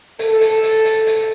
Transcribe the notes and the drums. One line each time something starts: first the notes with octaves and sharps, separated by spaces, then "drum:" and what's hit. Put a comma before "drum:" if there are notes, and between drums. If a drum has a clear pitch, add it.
A4, drum: hi-hat
drum: hi-hat
drum: hi-hat
drum: hi-hat
drum: hi-hat